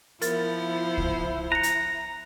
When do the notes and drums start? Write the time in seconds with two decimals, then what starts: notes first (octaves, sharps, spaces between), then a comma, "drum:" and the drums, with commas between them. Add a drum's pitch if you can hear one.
0.22 F3 B3 E4 A#4 C5 A6, drum: hi-hat
0.98 drum: kick C2
1.52 A#5 F#6 C#7
1.63 drum: hi-hat